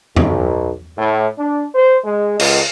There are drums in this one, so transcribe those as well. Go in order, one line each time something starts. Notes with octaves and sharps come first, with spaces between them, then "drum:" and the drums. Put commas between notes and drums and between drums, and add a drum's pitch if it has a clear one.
B1, drum: tom E2
A2
D4
C5
G#3
C#2, drum: cymbal